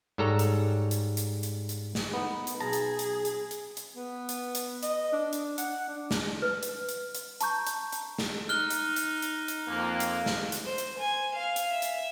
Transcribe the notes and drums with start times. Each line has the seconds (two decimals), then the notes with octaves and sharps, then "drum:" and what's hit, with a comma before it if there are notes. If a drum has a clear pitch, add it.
0.18 G#2 G3 A4 C#5 A#5
0.39 drum: hi-hat
0.91 drum: hi-hat
1.17 drum: hi-hat
1.43 drum: hi-hat
1.69 drum: hi-hat
1.95 drum: snare
2.13 B3 D#4
2.47 drum: hi-hat
2.60 B1 G#4 A5 A#5
2.73 drum: hi-hat
2.99 drum: hi-hat
3.25 drum: hi-hat
3.51 drum: hi-hat
3.77 drum: hi-hat
3.96 B3
4.29 drum: hi-hat
4.55 drum: hi-hat
4.83 D#5, drum: hi-hat
5.13 D4
5.33 drum: hi-hat
5.58 F#5, drum: hi-hat
5.89 D4
6.11 drum: snare
6.42 B4 F6
6.63 drum: hi-hat
6.89 drum: hi-hat
7.15 drum: hi-hat
7.41 A5 A#5 C#6 G6, drum: hi-hat
7.67 drum: hi-hat
7.93 drum: hi-hat
8.18 drum: snare
8.49 D#4 F6 F#6 G7
8.70 drum: hi-hat
8.96 drum: hi-hat
9.22 drum: hi-hat
9.48 drum: hi-hat
9.67 F2 A#3
10.00 drum: hi-hat
10.26 drum: snare
10.52 drum: hi-hat
10.64 C5
10.78 drum: hi-hat
10.98 G#5
11.34 F5
11.56 drum: hi-hat
11.70 E5
11.82 drum: hi-hat